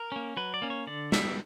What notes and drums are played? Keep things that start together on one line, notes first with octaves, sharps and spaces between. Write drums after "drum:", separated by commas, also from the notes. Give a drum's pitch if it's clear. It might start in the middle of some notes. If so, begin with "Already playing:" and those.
Already playing: A#4
A#3 C#4
F#3 B4
D5
A#3 C#4
C#5
D3 D5
G3 B3 E5, drum: snare